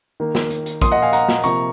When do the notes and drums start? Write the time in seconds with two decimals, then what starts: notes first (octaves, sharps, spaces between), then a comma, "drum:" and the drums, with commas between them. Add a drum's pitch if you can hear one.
0.20 D#3 A#3
0.35 drum: snare
0.50 drum: hi-hat
0.66 drum: hi-hat
0.82 A#2 F3 A#3 C6 D#6, drum: kick, hi-hat
0.92 D#5 F#5
1.02 F5 G#5
1.13 F#5 A#5, drum: hi-hat
1.29 drum: snare
1.44 C3 F3 A#3 A#5 C#6, drum: hi-hat